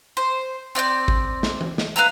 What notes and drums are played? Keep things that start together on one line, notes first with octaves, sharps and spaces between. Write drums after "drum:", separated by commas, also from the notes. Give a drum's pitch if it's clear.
C5
C4 D5 G5 G6
drum: kick G#1
drum: snare
drum: tom E3
drum: snare
B4 F5 A#5 E6